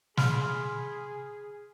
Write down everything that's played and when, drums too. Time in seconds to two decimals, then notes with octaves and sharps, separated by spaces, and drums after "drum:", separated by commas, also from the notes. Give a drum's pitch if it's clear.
0.17 G#4 B5 C6 F6, drum: snare